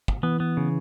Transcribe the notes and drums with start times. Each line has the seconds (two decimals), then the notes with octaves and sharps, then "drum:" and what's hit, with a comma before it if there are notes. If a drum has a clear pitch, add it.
0.08 drum: kick
0.23 E3 B3
0.40 B3
0.57 C#3